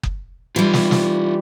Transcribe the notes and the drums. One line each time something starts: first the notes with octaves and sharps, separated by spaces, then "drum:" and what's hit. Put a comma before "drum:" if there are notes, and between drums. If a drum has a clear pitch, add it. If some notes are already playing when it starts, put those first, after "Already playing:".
drum: kick F#1
E3 G3 F4 G4
drum: snare
drum: snare